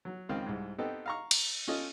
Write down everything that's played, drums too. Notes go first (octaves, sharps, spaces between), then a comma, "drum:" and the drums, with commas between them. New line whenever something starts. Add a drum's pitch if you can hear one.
F#3
C#2 D#3 C4 C#4 F5
C2 G#2
B3 C4 D#4 G4 A4
F5 A#5 C#6
drum: cymbal
C#4 F4 A4 D#5